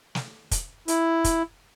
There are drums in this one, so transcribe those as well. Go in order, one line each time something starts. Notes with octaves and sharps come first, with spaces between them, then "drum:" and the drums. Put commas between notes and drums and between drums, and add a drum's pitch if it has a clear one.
drum: snare
drum: kick, hi-hat
E4, drum: hi-hat
drum: kick, hi-hat